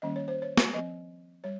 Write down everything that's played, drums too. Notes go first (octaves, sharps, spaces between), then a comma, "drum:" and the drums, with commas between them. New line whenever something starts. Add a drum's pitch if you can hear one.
D#3 G3 A#3 C#4 D#5
C#5
C5
C#5
drum: snare
F3 C4 D#5
G3 C#5